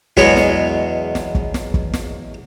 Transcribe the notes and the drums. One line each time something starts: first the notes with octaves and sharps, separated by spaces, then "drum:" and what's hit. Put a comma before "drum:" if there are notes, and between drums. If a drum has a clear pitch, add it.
E2 B2 F#3 G#3 B3 C#5, drum: kick
drum: snare
drum: snare
drum: kick
drum: snare
drum: kick
drum: snare